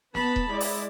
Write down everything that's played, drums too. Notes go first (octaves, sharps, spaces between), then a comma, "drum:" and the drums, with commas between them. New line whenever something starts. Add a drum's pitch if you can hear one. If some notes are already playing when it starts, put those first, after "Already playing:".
B3 B4 A5 B5, drum: snare
drum: kick D#1
G#3 E4 D5
drum: open hi-hat